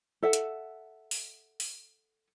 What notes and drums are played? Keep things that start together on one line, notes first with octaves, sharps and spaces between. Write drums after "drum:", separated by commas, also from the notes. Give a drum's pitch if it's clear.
A4 E5 F#5
drum: hi-hat
drum: open hi-hat
drum: open hi-hat